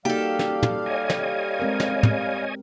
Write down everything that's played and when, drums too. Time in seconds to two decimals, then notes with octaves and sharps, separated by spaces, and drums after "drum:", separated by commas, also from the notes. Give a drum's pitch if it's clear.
0.05 G3 A#3 D#4 F#4 G4 A4 F5
0.39 drum: snare
0.63 drum: tom
0.86 C#5 D#5 G#5
1.10 drum: snare
1.59 G#3 C4 A#4
1.80 drum: snare
2.03 drum: tom